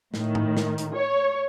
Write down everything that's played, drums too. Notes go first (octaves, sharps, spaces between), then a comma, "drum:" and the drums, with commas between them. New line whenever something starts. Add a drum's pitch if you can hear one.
A2 D#3, drum: snare
drum: tom G#2
drum: snare
drum: hi-hat
C#5